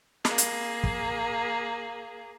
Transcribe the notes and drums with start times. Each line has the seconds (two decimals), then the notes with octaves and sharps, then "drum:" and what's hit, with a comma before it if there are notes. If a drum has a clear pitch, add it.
0.25 A#3 G#4, drum: snare
0.38 drum: hi-hat
0.84 drum: kick